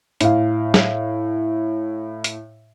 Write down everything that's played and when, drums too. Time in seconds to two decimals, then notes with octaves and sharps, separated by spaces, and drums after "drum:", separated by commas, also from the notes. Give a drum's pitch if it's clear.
0.21 A2 F5, drum: hi-hat
0.74 drum: snare
2.24 drum: hi-hat